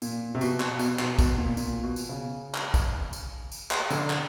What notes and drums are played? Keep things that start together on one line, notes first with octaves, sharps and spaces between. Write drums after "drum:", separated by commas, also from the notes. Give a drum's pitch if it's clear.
A#2, drum: tambourine
C3
B2, drum: tambourine
drum: clap
B2, drum: tambourine
B2, drum: clap
B2, drum: kick, tambourine
A#2
A#2, drum: tambourine
B2
drum: tambourine
C#3
drum: clap
drum: kick, tambourine
drum: tambourine
drum: tambourine
drum: clap
D3, drum: tambourine
drum: clap